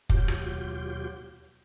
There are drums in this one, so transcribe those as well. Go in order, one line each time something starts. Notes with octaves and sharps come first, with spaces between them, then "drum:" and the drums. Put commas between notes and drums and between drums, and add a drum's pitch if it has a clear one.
D#2 B2 F#3 F4 G4 G6, drum: kick
drum: rim click